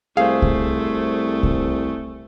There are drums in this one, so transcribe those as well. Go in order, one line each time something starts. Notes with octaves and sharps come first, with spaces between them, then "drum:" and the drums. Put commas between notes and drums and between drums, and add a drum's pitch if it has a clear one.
C2 A3 G#4 C5 F5
drum: kick C2
drum: kick C2